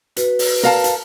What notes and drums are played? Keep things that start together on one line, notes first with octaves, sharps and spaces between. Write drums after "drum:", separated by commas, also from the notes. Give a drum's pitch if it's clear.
F#4 B4, drum: hi-hat
drum: open hi-hat
A#4 F5 A5, drum: snare
drum: hi-hat